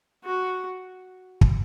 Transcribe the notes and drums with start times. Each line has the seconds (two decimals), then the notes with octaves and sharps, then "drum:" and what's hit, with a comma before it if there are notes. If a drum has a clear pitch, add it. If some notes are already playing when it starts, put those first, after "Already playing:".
0.24 F#4
1.41 drum: kick